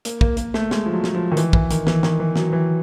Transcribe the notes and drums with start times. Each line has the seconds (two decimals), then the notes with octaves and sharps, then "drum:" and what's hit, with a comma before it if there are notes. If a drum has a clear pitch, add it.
0.05 A#3, drum: hi-hat
0.21 A#3, drum: kick
0.37 A#3, drum: hi-hat
0.54 A3, drum: snare
0.71 G#3, drum: snare
0.86 F3
0.93 F#3
1.04 drum: snare
1.14 F3
1.32 D#3
1.37 E3, drum: hi-hat
1.53 E3, drum: kick
1.71 D#3, drum: hi-hat
1.87 E3, drum: snare
2.03 D#3, drum: snare
2.20 E3
2.36 F#3, drum: snare
2.53 E3